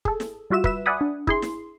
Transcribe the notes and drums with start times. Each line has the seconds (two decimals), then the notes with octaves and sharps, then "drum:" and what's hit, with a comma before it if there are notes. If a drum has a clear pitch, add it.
0.05 G#4 A4, drum: kick
0.20 drum: snare
0.50 G3 F4 F#4 E5 E7
0.64 B4 E5 E7, drum: kick
0.86 D5 E5 F#5 G#5 B5 D#6
1.01 D4
1.27 E4 G#4 C6, drum: kick
1.42 drum: snare